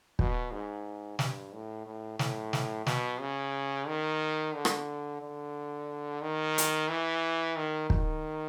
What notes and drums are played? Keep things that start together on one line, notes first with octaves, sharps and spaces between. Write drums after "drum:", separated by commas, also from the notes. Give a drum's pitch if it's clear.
B2, drum: kick
G#2
G2, drum: snare
A2
A2
A2, drum: snare
drum: snare
B2, drum: snare
C#3
D#3
D3
drum: rim click
D3
D#3
drum: hi-hat
E3
D#3
D#3, drum: kick